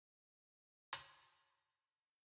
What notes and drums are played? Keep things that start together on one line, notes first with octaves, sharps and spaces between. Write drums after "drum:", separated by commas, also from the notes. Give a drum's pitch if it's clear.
E4
E4
D4
D4
drum: hi-hat
B3
C#4
D4
D4